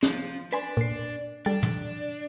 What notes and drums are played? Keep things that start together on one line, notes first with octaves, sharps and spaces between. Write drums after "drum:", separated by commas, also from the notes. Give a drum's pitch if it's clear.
F3, drum: snare
D4 B4 G#5 C6
A#2 C7
G3 D4 A4
drum: tom